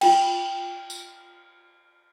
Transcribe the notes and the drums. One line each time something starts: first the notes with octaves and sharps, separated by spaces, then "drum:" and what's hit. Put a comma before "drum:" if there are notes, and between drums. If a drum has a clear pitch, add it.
F4 G5, drum: cymbal
drum: tambourine